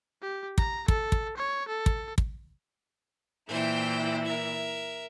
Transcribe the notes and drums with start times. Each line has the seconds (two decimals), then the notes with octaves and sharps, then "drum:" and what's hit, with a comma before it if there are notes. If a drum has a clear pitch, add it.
0.22 G4
0.58 A#5, drum: kick
0.88 A4, drum: kick
1.12 drum: kick
1.37 C#5
1.68 A4
1.86 drum: kick
2.18 drum: kick
3.49 A#2 E3 E4 C5 G5
4.24 A#4 E5